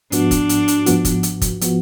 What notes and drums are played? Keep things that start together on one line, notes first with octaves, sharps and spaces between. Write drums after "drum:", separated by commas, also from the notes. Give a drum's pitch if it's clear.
G#2 F3 B3 D4 F#4, drum: hi-hat
drum: kick, hi-hat
drum: hi-hat
drum: hi-hat
G#2 F3 B3 F#4, drum: hi-hat
drum: kick, hi-hat
drum: hi-hat
drum: kick, hi-hat
F3 B3 F#4, drum: hi-hat